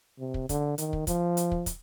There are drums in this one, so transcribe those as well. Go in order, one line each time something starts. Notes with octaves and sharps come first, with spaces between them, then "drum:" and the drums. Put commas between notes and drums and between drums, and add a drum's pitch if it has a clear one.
C3
drum: kick
D3, drum: kick, hi-hat
D#3, drum: hi-hat
drum: kick
F3, drum: kick, hi-hat
drum: hi-hat
drum: kick
drum: kick, hi-hat